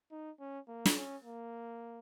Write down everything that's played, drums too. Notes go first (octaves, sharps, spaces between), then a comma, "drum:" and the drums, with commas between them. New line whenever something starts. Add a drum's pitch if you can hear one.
D#4
C#4
A#3
drum: snare
C#4
A#3